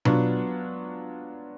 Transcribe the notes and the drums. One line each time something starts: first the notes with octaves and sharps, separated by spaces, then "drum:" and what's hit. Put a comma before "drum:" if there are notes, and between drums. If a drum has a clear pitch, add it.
F#3 B3 D4 F4, drum: tom B2